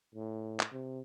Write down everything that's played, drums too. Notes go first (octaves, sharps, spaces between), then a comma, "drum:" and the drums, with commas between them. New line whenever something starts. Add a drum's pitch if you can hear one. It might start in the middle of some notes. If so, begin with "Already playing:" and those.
A2
drum: clap
C3